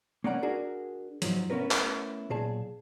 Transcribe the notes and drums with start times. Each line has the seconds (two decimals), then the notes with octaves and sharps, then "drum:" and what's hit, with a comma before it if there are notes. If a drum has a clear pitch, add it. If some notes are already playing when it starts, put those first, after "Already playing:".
0.24 A#3 C#4 D5 F#5 A#5
0.42 D4 F#4 G#4 A#4
1.22 G#2 F3 F#3, drum: hi-hat
1.50 A3 B3 C#4 E4 A#4 B4
1.71 drum: clap
2.30 B1 A#2 G#4 A5